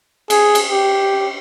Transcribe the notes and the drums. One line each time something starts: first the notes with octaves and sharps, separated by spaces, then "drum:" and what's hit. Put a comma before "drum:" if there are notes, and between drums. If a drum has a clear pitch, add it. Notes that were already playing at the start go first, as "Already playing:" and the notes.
G#4, drum: cymbal
drum: cymbal
G4